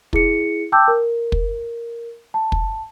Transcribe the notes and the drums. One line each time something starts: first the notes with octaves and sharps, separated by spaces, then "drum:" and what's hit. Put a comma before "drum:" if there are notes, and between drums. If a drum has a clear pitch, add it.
E4 G#4 C#7, drum: kick
G5 A5 D6 E6 G6
A#4
drum: kick
A5
drum: kick